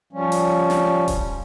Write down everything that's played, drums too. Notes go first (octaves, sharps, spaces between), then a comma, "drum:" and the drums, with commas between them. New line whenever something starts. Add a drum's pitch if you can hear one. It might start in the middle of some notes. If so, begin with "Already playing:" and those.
F3 G3 C#4
drum: hi-hat
drum: snare
drum: kick D#1, hi-hat